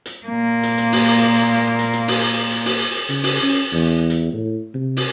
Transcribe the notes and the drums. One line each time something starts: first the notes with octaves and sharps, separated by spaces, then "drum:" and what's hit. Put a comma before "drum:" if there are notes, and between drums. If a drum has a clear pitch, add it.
drum: hi-hat
A#2 A#3
drum: hi-hat
drum: hi-hat
drum: open hi-hat
drum: hi-hat
drum: hi-hat
drum: hi-hat
drum: hi-hat
drum: open hi-hat
drum: hi-hat
drum: hi-hat
drum: open hi-hat
drum: hi-hat
C#3, drum: hi-hat
drum: open hi-hat
C#4
drum: hi-hat
E2
drum: hi-hat
A2
C3
drum: open hi-hat